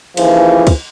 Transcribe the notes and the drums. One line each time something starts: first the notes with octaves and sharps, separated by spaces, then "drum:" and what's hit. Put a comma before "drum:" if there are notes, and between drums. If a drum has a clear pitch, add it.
D#2 C#3 E3 F3, drum: cymbal
drum: kick, cymbal